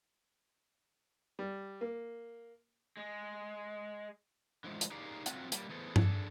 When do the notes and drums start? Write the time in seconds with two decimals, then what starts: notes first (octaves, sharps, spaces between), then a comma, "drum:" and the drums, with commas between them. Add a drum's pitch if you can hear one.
1.39 G3
1.81 A#3
2.97 G#3
4.64 D3 E3 F3 G#3
4.81 drum: hi-hat
4.91 D#4 G4 G#4 A#4 D5 F5
5.26 F#3 A3 C4 F4 F#4, drum: hi-hat
5.52 G3 A#3, drum: hi-hat
5.69 E3 B3 G#4 A4 C5
5.96 D4 G#4 A4, drum: tom G2